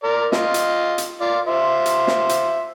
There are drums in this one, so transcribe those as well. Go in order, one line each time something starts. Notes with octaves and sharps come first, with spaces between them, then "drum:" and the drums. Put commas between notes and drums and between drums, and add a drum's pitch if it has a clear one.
A#4 D5
F4 D#5, drum: snare
drum: hi-hat
drum: hi-hat
F4 D5
F4 C5 E5
drum: hi-hat
drum: snare
drum: hi-hat